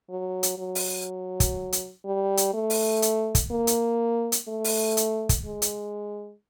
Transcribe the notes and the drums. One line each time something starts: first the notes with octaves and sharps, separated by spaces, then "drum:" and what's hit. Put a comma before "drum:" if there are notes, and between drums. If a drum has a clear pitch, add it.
F#3
drum: hi-hat
F#3
drum: open hi-hat
drum: kick, hi-hat
drum: hi-hat
G3
drum: hi-hat
A3
drum: open hi-hat
drum: hi-hat
drum: kick, hi-hat
A#3
drum: hi-hat
drum: hi-hat
A3
drum: open hi-hat
drum: hi-hat
drum: kick, hi-hat
G#3
drum: hi-hat